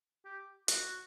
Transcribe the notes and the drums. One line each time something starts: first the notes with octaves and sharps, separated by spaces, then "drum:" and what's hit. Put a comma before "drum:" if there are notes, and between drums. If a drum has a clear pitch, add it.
G4
F#4, drum: hi-hat